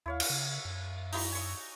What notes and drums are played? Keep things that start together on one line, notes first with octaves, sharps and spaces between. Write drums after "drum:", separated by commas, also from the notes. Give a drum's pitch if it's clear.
D#2 E4 C#5 F5
drum: cymbal
C#3
F#2
D#4 E4 F#4, drum: open hi-hat
G#5 C#6 D#6